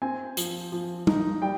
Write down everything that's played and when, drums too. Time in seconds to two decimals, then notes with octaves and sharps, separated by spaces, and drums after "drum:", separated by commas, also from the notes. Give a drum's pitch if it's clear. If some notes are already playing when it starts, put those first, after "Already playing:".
0.02 C4 G#5
0.37 F3, drum: hi-hat
0.72 F3
1.07 D#4, drum: tom G3
1.42 G3 G5